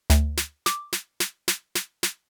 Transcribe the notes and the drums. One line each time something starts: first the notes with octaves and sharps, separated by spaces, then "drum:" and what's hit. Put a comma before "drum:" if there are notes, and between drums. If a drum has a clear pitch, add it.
D2, drum: snare
drum: snare
D6, drum: snare
drum: snare
drum: snare
drum: snare
drum: snare
drum: snare